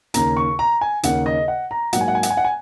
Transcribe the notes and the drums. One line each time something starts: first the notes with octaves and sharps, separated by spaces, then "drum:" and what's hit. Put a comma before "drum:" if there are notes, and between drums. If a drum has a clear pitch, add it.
D#2 C#3 A#3 A#5, drum: hi-hat
C#6
A#5
G#5
D#2 C#3 A#3 F#5, drum: hi-hat
D#5
F#5
A#5
G#2 F#3 A#3 F#5, drum: hi-hat
G#5
F#5
G#5
F#5, drum: hi-hat
G#5
F#5
G#5